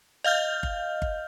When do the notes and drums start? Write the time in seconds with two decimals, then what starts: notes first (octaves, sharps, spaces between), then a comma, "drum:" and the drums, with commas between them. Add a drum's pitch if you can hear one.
0.24 D#5 F5 F6 G6
0.63 drum: kick G1
1.02 drum: kick G1